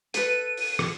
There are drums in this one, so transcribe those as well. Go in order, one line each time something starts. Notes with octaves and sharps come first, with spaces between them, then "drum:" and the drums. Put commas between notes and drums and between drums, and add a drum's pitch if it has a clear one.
A4 B4 D#7, drum: hi-hat
drum: open hi-hat
drum: rim click